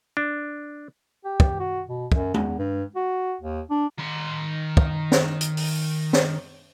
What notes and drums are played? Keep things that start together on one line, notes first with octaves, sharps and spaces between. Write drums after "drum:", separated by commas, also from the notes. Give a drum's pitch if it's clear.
D4
G4
drum: kick
F#4
B2
F#2, drum: kick
E2, drum: tom G#3
G2
F#4
D#2
D4
D#3 C6
drum: kick
drum: snare
drum: hi-hat
drum: open hi-hat
drum: snare